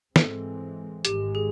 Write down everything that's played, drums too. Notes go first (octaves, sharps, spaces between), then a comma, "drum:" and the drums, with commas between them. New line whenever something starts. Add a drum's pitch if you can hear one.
G#2 E3 G#3 C4 A4, drum: snare
G#1 G#2 D#3 G#3 G4, drum: hi-hat
G#4